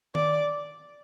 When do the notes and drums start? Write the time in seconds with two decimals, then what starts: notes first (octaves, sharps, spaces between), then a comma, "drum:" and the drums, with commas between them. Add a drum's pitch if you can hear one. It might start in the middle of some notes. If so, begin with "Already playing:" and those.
0.15 D5, drum: tom D#3